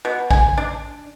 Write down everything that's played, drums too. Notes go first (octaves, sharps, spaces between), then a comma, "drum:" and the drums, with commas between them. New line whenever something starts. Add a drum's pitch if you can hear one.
B2
G#5, drum: kick A1
D4